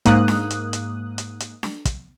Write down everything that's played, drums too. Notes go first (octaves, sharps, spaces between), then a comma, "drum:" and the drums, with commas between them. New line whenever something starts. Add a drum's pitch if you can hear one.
G#2 A#3 D#6 F#6, drum: kick, hi-hat
drum: snare D4
drum: hi-hat
drum: hi-hat
drum: hi-hat
drum: hi-hat
drum: snare D4
drum: kick, hi-hat